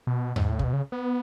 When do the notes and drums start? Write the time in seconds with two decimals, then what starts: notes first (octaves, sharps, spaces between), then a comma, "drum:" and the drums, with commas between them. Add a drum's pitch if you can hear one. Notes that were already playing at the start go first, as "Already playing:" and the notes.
0.07 B2
0.36 G#2, drum: tom D#2
0.50 A2
0.59 C#3, drum: kick
0.64 B2
0.73 C#3
0.92 B3